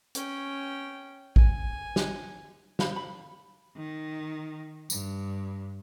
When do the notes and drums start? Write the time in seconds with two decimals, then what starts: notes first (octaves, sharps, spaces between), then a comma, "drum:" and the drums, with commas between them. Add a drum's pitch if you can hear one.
0.15 C#4 G5, drum: hi-hat
1.36 G#5, drum: kick A1
1.96 drum: snare
2.79 C5 F5 B5, drum: snare
2.96 B5
3.77 D#3
4.90 G2, drum: tambourine